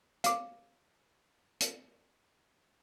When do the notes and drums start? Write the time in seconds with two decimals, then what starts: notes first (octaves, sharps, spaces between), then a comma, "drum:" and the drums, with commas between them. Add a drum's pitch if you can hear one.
0.24 F5 D6, drum: hi-hat
1.60 drum: hi-hat